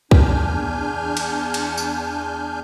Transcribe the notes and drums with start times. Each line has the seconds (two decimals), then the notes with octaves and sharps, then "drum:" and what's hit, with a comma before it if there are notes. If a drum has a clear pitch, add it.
0.11 E2 D4 G#5 F6 G6, drum: kick C2
1.17 drum: cymbal
1.54 drum: cymbal
1.78 drum: tambourine